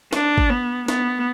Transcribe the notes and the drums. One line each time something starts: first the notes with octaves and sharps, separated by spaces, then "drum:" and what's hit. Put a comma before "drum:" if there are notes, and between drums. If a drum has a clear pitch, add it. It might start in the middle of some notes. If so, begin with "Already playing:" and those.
D4, drum: snare
drum: kick
B3
B3, drum: snare